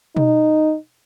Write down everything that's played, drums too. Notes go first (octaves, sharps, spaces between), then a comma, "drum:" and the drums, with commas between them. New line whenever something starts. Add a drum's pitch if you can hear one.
D#4, drum: tom B2